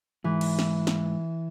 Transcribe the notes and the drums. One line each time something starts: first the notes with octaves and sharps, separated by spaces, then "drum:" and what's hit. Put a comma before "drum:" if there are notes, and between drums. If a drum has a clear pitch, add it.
G#2 E3
drum: cymbal
drum: snare
drum: snare